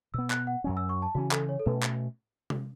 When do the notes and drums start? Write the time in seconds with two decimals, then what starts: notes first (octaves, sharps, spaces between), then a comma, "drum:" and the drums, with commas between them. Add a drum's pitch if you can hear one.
0.14 B2 B3 E6
0.30 F#6, drum: clap
0.47 F#5
0.64 F#2 F#3 C#4
0.77 E6
0.89 C#6
1.02 A5
1.15 C#3 E3 C#4 F#4
1.32 A4, drum: clap
1.49 C#5
1.59 A4
1.66 B2 A3 C#4 B4
1.83 drum: clap
2.50 drum: tom C3